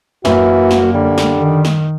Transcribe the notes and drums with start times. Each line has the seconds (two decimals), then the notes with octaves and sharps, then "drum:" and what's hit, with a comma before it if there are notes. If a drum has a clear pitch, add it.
0.25 F#2 E3 A#3 F#4, drum: snare
0.71 drum: snare
0.94 D3 G3
1.18 drum: snare
1.39 D#3
1.65 drum: snare